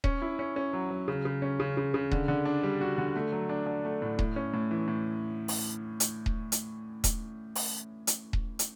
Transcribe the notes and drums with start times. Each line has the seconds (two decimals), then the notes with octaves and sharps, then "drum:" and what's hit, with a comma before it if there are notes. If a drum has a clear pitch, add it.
0.04 C#4, drum: kick D#1
0.22 E4
0.39 C#4
0.56 C#4
0.73 F#3
0.90 F#3
1.08 C#3
1.25 C#3
1.42 C#4
1.60 C#3
1.77 C#3
1.94 C#3
2.11 D3, drum: kick D#1
2.28 D3
2.45 D4
2.63 G3
2.81 F#4
2.98 D3
3.16 A3
3.32 F#3
3.49 D4
3.66 D4
3.85 A3
4.02 A2
4.19 A2, drum: kick D#1
4.36 C#4
4.54 A2
4.71 E3
4.88 A2
5.48 drum: open hi-hat
6.00 drum: hi-hat
6.26 drum: kick D#1
6.52 drum: hi-hat
7.04 drum: kick D#1, hi-hat
7.55 drum: open hi-hat
8.07 drum: hi-hat
8.33 drum: kick D#1
8.59 drum: hi-hat